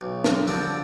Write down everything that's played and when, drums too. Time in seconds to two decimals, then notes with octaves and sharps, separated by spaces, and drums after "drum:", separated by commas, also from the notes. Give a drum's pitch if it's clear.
0.01 B1
0.24 drum: snare
0.47 D3 F3 G3 C4 D4